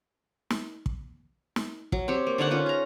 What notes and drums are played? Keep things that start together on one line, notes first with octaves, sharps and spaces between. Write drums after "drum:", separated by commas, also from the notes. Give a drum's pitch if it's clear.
drum: snare
drum: kick
drum: snare
F#3, drum: kick
C4 G4 C#5
A#3
D3 D#4 C#5 F#5
C#4 F4 B4
G#4 A#5